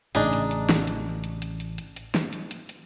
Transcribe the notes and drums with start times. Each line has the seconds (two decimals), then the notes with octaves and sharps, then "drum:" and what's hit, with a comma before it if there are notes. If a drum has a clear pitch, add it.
0.15 A1 A2 C#3 D4 D#4 G#4, drum: hi-hat
0.33 drum: hi-hat
0.51 drum: hi-hat
0.69 drum: snare
0.87 drum: hi-hat
1.24 drum: hi-hat
1.42 drum: hi-hat
1.60 drum: hi-hat
1.78 drum: hi-hat
1.96 drum: hi-hat
2.15 drum: snare
2.33 drum: hi-hat
2.51 drum: hi-hat
2.69 drum: hi-hat